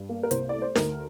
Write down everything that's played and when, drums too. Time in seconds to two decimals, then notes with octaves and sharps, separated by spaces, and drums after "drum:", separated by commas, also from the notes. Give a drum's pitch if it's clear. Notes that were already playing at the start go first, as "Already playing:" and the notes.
Already playing: G2
0.09 A#3
0.23 A#4
0.31 C2 C5, drum: hi-hat
0.49 A3 D5
0.62 C5
0.75 D2 A#4, drum: snare D#4